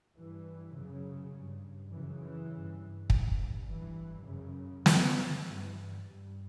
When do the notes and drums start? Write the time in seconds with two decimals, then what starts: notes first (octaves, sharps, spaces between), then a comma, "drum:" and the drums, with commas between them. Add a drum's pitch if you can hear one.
0.16 G2 E3
0.75 F#2 C#3
1.34 G2
1.92 F#2 C#3 E3
2.21 E3
2.51 G2
3.10 G2, drum: kick
3.68 G2 E3
4.27 F#2 C#3
4.86 F#2 C#3, drum: snare
5.44 G2 E3
6.03 G2